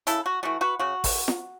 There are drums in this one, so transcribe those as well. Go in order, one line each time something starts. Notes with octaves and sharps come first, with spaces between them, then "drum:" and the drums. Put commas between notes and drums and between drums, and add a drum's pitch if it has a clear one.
C#3 E4 A4, drum: hi-hat
F#4
E3 A3 F#4
F#4 B4
C#3 F#4
drum: kick G#1, open hi-hat
drum: snare F4